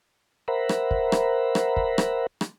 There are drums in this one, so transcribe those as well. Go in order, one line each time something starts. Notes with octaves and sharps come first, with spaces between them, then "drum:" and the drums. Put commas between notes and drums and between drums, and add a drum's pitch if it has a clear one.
A#4 C5 E5 F#5 A#5 B5
drum: rim click
drum: kick
drum: rim click
drum: rim click
drum: kick
drum: rim click
drum: rim click